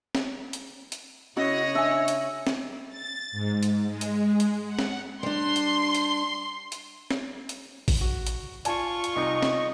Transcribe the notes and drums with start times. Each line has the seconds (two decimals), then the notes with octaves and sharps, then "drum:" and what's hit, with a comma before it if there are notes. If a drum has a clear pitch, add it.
0.15 drum: snare
0.53 drum: hi-hat
0.92 drum: hi-hat
1.37 C#3 C#4 E4 F#4 C#5 D#5 F#6
1.75 D4 E5 G#5
2.08 drum: hi-hat
2.47 drum: snare
2.88 A6
3.32 G#2
3.63 drum: hi-hat
3.85 G#3
4.01 drum: hi-hat
4.40 drum: hi-hat
4.66 F#5
4.79 drum: snare
5.23 G3 D4 C6
5.56 drum: hi-hat
5.95 drum: hi-hat
6.72 drum: hi-hat
7.11 drum: snare
7.49 drum: hi-hat
7.88 drum: kick A1, open hi-hat
8.01 F#4
8.27 drum: hi-hat
8.65 F4 D5 G#5 A5 C#6, drum: hi-hat
9.04 drum: hi-hat
9.16 C2 D#4 D#5
9.42 drum: snare